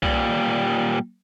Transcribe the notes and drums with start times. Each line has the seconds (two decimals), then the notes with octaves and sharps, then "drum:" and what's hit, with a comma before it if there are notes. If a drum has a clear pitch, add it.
0.03 A#2 G3, drum: kick B1